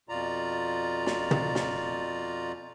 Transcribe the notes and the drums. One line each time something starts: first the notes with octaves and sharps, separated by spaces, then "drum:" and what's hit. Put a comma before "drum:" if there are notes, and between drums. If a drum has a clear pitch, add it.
F2 B2 F4 D5 A#5
drum: snare
drum: tom
drum: snare